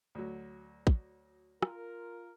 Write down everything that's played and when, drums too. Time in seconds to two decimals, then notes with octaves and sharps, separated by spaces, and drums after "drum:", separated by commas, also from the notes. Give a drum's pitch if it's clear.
0.15 D2 F#3
0.87 drum: kick
1.62 F4 A#4, drum: rim click